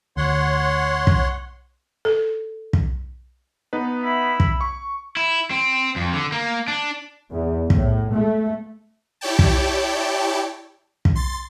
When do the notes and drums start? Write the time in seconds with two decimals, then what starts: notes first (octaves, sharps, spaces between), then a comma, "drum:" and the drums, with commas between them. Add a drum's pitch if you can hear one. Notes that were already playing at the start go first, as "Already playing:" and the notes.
0.17 D2 C#5 F#5 C6
1.07 drum: kick
2.05 A4
2.73 drum: kick
3.73 B3 D#4 B4
4.03 E4 E5 B5
4.40 drum: kick
4.61 C#6
5.17 E4
5.51 C4
5.96 F2
6.14 D3
6.32 A#3
6.68 D4
7.31 E2
7.70 A2, drum: kick
8.12 A3
9.21 E4 G4 C#5 D5 G5 A5
9.39 drum: kick
11.05 drum: kick
11.15 C6 A6